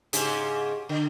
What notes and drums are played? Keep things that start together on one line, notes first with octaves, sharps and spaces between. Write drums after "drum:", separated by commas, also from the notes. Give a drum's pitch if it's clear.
G#2 C#3 G4, drum: hi-hat
D3